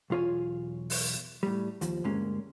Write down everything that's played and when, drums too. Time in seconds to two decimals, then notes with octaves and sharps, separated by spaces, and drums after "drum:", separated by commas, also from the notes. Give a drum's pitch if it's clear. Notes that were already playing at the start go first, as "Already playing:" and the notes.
0.10 B1 E2 F4 C#5 G#5
0.90 drum: open hi-hat
1.43 A2 G3
1.81 D#2 F3, drum: hi-hat
2.04 D2 G2 G#3 A#3 C#4